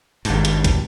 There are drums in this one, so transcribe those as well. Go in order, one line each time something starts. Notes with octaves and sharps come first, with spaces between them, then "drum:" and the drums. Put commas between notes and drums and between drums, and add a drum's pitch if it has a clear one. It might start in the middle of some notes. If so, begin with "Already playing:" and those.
G#1 G2, drum: open hi-hat
drum: hi-hat
drum: kick, hi-hat